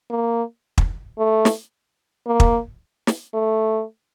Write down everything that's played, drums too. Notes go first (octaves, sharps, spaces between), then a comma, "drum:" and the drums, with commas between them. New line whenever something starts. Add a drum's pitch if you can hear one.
A#3
drum: kick
A3
drum: snare
A#3
drum: kick
drum: snare
A3